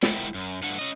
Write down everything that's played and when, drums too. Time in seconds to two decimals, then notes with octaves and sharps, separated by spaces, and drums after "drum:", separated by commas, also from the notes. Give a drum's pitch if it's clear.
0.03 G#3 E4 A#4 E5 F#5 G5, drum: snare
0.35 F#2
0.63 G2 A3 D4 F#5
0.79 C#4 D#5